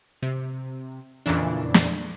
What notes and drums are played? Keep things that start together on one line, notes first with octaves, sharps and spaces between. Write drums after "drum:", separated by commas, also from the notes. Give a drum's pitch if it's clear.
C3
F2 A#2 C#3 E3 D4
drum: snare